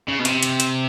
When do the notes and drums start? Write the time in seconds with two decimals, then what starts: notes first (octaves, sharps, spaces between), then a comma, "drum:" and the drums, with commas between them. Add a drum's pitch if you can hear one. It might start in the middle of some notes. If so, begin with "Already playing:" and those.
0.08 C#3
0.19 B2
0.25 C3, drum: hi-hat
0.43 drum: hi-hat
0.60 drum: hi-hat